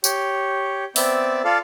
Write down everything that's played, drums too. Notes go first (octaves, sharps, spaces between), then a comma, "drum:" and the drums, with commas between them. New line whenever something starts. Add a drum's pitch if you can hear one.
G4 C#5, drum: tambourine
B3 C4 D5 E5, drum: open hi-hat
F4 A4 D5 F5